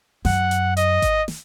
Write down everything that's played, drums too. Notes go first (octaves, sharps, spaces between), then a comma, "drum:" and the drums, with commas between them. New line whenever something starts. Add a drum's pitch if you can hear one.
F#2 F#5, drum: snare
drum: hi-hat
D#5, drum: hi-hat
drum: kick G#1, hi-hat
drum: snare